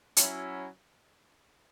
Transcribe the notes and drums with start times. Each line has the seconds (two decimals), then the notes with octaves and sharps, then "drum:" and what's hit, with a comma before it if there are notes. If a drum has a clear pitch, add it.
0.17 F#3 C#4 E4, drum: hi-hat